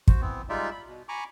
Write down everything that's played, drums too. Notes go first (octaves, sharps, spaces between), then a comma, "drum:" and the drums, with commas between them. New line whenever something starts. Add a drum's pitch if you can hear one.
F#4 C5, drum: kick
E3 B3 C4
G3 G#3 D#4 F4 D5 E5
B5
B2
G#5 A#5 B5 C#6 D6